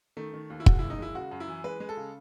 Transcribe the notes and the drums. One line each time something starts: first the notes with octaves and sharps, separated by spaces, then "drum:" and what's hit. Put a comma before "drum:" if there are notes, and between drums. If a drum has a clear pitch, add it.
D#3 A3
D#3
D#2
E4
G#3 F#4, drum: kick
D#2 E4
D#4
G#3 E4
C#3 F#4
F#2
E4
E3
G#3 B4
G#3
A4
C#3